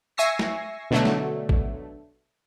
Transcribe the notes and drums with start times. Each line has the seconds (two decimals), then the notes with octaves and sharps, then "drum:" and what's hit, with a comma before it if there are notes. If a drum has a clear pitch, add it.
0.17 E5 G#5 C#6 E6 A#6 C7
0.39 drum: snare
0.91 B2 D3 F#3 A3
1.05 drum: snare
1.49 drum: kick A1